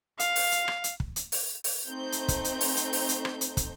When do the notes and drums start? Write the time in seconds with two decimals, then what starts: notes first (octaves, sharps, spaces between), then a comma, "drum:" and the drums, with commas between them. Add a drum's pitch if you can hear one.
0.20 F5, drum: hi-hat
0.36 drum: open hi-hat
0.52 drum: hi-hat
0.68 drum: rim click
0.84 drum: hi-hat
1.00 drum: kick
1.16 drum: hi-hat
1.32 drum: open hi-hat
1.64 drum: open hi-hat
1.88 A3 C4 D#4 C5 G6
2.12 drum: hi-hat
2.28 drum: kick, hi-hat
2.44 drum: hi-hat
2.61 drum: open hi-hat
2.77 drum: hi-hat
2.93 drum: open hi-hat
3.09 drum: hi-hat
3.25 drum: rim click
3.41 drum: hi-hat
3.57 drum: kick, hi-hat